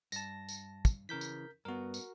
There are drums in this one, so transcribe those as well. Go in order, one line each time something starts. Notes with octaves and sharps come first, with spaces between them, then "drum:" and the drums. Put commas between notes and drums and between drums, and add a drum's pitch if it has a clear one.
G2 A5 A#6, drum: tambourine
drum: tambourine
drum: kick, tambourine
C#3 E3 A#4 G6 B6
drum: tambourine
G2 B3 F#4 A#4
drum: tambourine